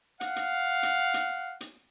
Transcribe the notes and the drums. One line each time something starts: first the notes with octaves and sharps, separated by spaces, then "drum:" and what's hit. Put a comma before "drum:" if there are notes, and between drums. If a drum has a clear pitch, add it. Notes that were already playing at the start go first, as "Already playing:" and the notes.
F5 F#5, drum: hi-hat
drum: hi-hat
drum: hi-hat
drum: hi-hat
drum: hi-hat